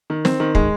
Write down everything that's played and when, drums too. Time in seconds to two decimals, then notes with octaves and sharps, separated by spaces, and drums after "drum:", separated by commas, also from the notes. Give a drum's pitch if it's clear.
0.10 D#3
0.25 C4, drum: snare
0.40 D#3
0.55 G#3, drum: kick